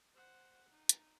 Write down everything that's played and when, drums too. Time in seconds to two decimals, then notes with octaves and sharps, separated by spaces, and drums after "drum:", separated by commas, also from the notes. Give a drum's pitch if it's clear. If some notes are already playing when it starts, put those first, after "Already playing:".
0.15 C5 F#5
0.70 D#4
0.89 drum: hi-hat